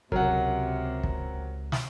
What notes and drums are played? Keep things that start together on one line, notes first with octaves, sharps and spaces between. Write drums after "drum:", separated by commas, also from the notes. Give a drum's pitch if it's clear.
C#2 C3 F#3 A#4 F#5, drum: kick
drum: kick
drum: snare